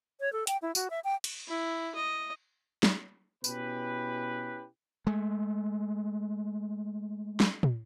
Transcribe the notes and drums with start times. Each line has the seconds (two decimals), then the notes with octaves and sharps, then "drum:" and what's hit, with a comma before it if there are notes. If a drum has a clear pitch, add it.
0.20 C#5
0.33 A4
0.47 G5, drum: hi-hat
0.62 E4
0.75 F#4, drum: tambourine
0.90 E5
1.04 G5
1.24 drum: cymbal
1.48 E4
1.95 D#5
2.83 drum: snare
3.44 B2 C#4 E4 G4 B4, drum: tambourine
5.07 G#3 A3
7.40 drum: snare
7.63 drum: tom